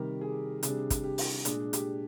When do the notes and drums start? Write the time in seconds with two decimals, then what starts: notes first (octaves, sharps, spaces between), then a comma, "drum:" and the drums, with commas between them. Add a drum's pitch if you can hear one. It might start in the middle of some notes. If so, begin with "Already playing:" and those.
Already playing: C3 D#3 G3 G4 A#4
0.21 G#4
0.63 C3 G3 D4 G#4, drum: hi-hat
0.90 drum: kick, hi-hat
1.04 G4
1.18 drum: open hi-hat
1.45 A#2 G#3 D4 G#4, drum: hi-hat
1.73 G4, drum: hi-hat